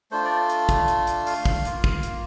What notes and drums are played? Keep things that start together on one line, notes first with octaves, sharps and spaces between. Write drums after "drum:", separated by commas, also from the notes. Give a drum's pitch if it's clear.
A3 D4 F4 C5
D5
drum: hi-hat
drum: kick, hi-hat
drum: hi-hat
drum: hi-hat
F5, drum: open hi-hat
drum: kick
A#3 F4, drum: hi-hat
drum: kick
drum: hi-hat